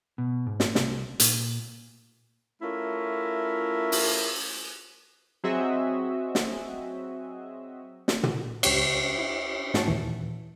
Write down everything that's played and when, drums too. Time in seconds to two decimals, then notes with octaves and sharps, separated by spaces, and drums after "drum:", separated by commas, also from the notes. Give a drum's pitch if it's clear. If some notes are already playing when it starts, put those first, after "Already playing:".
0.18 B2
0.46 G#2
0.60 drum: snare
0.75 C2, drum: snare
1.20 A#2, drum: hi-hat
2.62 A3 C#4 E4 F4 A#4
3.92 drum: open hi-hat
5.44 F#3 C4 F#4 G#4 D#5 E5
6.35 drum: snare
8.08 drum: snare
8.23 drum: tom
8.63 C#2 G4 C#5, drum: cymbal
9.18 E4
9.74 G#2 C#4 F#4 A5, drum: snare
9.88 D#2 A#2 E3